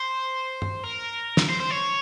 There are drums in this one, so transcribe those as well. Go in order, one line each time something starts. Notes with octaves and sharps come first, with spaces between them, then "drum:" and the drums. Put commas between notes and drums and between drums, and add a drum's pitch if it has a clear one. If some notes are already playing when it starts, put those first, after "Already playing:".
Already playing: C5
drum: tom G2
A#4
drum: snare
C5
C5
C#5